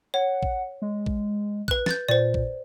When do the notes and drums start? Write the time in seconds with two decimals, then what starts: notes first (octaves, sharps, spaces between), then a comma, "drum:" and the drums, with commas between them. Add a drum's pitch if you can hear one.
0.14 C#5 F#5
0.43 drum: kick A#1
0.82 G#3
1.06 drum: kick A#1
1.68 B4 F#6, drum: kick A#1
1.86 G6 A6, drum: snare
2.08 A#2 C5 D5
2.34 drum: kick A#1